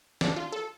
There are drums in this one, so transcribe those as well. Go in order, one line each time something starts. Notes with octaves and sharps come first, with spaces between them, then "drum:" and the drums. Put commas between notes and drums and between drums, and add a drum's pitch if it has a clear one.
D4, drum: snare
F4
A4